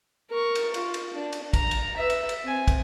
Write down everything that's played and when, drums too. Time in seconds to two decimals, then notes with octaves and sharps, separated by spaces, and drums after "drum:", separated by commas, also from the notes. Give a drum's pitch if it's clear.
0.31 A#4 C#6
0.55 drum: cymbal
0.74 F4, drum: cymbal
0.94 drum: cymbal
1.13 D4
1.33 drum: cymbal
1.53 A#5, drum: kick, cymbal
1.71 drum: cymbal
1.97 B4 E5
2.10 drum: cymbal
2.29 drum: cymbal
2.44 C4 G#5
2.68 drum: kick, cymbal